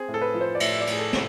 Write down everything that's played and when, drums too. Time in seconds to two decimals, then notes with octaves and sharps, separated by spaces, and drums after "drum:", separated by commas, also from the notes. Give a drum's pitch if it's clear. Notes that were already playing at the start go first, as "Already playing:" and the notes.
Already playing: C4 G#4
0.08 A2
0.14 A4
0.22 B4
0.34 F3
0.41 C5
0.55 D5
0.60 A2 E5, drum: cymbal
0.73 E5
0.80 D5
0.87 A2 G#4, drum: cymbal
0.99 A4
1.13 A2, drum: snare